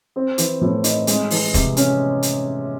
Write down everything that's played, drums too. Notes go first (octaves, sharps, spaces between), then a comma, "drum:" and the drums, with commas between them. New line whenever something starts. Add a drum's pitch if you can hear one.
C4
E3, drum: hi-hat
A2
D#4, drum: hi-hat
G#3, drum: hi-hat
E3, drum: open hi-hat
C3, drum: kick E1, hi-hat
C#4, drum: hi-hat
drum: hi-hat